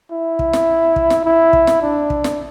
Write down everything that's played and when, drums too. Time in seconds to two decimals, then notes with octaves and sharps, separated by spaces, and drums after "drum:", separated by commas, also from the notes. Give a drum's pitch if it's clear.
0.11 E4
0.39 drum: kick
0.53 drum: snare
0.96 drum: kick
1.10 drum: snare
1.24 E4
1.53 drum: kick
1.67 drum: snare
1.82 D4
2.10 drum: kick
2.24 drum: snare